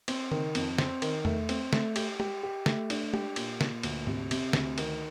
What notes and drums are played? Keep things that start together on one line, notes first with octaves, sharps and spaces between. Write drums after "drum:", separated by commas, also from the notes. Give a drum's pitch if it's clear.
C4, drum: cymbal
D#3, drum: tom C#3
F2, drum: cymbal
C4, drum: snare
D#3, drum: cymbal
A3, drum: tom E2
C4, drum: cymbal
A3, drum: snare
G4, drum: cymbal
G4, drum: tom
G4
A3, drum: snare
D4, drum: cymbal
G4, drum: tom
A#2, drum: cymbal
A#2, drum: snare
D2, drum: cymbal
C3, drum: tom G#2
C3, drum: cymbal
D2, drum: snare
D#3, drum: cymbal